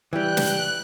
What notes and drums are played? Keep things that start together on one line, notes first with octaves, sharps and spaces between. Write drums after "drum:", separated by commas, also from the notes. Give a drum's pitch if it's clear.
E3 G3 G5 F#6
drum: snare